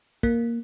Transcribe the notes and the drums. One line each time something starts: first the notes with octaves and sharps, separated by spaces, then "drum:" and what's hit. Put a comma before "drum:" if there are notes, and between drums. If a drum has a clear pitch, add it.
A#3, drum: kick